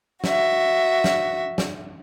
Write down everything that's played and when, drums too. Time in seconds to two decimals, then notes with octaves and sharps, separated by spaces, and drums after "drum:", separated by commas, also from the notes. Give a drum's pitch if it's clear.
0.24 F#4 E5, drum: snare
1.04 drum: snare
1.58 drum: snare